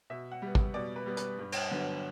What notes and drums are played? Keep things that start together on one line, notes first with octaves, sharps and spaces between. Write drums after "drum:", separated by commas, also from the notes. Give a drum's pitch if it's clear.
B2 E5
F#5
G3 B3
drum: kick
B2 D5
B4
G3 B3
B4, drum: hi-hat
G2
drum: cymbal
D3 F#3 B3